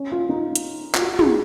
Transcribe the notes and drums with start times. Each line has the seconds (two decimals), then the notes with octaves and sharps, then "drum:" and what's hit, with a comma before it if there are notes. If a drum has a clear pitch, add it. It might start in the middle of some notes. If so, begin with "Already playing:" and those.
Already playing: C#4
0.12 F4
0.29 D#4
0.55 drum: hi-hat
0.95 F4, drum: clap
1.01 F#4
1.19 G#4, drum: tom